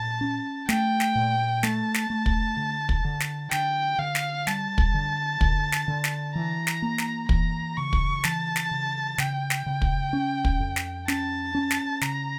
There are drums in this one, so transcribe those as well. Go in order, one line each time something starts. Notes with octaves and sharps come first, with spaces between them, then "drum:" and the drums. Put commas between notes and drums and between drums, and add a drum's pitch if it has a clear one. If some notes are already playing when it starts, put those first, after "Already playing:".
Already playing: A#2 A5
C#4
A3 G5, drum: snare
drum: snare
A#2
A3 A5, drum: snare
drum: snare
A3
drum: kick
D3
drum: kick
D3
drum: snare
D3 G5, drum: snare
D3 F5
drum: snare
G3 A5, drum: snare
drum: kick
D3
D3, drum: kick
drum: snare
D3
drum: snare
E3 A#5
drum: snare
A#3
drum: snare
E3 A#5, drum: kick
C#3 C#6
drum: kick
E3 A5, drum: snare
drum: snare
C#3
C#3 G5, drum: snare
drum: snare
C#3
drum: kick
C#4
drum: kick
F2
drum: snare
C#4 A5, drum: snare
C#4
drum: snare
C#3 A#5, drum: snare